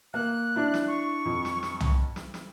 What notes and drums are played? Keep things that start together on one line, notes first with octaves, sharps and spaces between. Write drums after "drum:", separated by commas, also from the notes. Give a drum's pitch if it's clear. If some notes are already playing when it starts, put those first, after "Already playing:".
A#3 F#6
D4 E4
drum: snare
C#6
F2
drum: snare
drum: snare
drum: tom
drum: snare
drum: snare